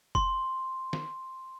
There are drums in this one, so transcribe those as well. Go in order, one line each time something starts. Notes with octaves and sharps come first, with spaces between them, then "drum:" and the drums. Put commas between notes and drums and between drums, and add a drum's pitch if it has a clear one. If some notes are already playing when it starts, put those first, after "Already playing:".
C6, drum: kick F1
drum: snare